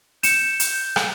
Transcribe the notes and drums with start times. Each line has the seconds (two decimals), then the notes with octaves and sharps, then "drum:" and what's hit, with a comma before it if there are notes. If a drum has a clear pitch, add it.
0.23 G6 C#7 E7, drum: hi-hat
0.60 drum: hi-hat
0.96 drum: rim click